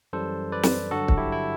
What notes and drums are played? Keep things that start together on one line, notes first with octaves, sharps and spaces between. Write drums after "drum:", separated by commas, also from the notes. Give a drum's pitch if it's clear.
F#2 E3 G3 A4 C5
B4 D5
drum: snare
G2 D3 F#3 F#4 A4
drum: kick
E4 G4
E4